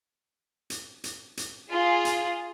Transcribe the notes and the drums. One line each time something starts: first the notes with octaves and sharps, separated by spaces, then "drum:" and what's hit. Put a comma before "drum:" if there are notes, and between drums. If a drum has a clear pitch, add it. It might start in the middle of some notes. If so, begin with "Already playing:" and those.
drum: hi-hat
drum: hi-hat
drum: hi-hat
F4 G#4
drum: hi-hat